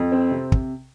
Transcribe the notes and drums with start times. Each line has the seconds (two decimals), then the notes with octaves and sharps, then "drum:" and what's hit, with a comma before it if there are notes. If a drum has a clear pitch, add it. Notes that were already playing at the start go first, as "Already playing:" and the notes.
Already playing: F2
0.12 C4
0.31 C3
0.52 drum: kick